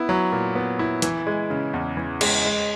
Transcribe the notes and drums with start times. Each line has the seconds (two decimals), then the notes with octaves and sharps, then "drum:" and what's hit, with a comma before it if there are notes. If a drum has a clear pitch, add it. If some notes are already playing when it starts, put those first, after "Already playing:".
Already playing: B3 E4
0.09 F#3
0.32 A#2
0.55 B3
0.79 E4
1.02 E3, drum: hi-hat
1.27 G#3
1.50 C#3
1.73 E2
1.97 E3
2.21 G#3, drum: cymbal
2.45 G#3